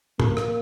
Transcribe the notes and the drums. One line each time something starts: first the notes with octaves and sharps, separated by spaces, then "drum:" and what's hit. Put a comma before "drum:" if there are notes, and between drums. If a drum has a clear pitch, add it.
A#3, drum: tom
drum: rim click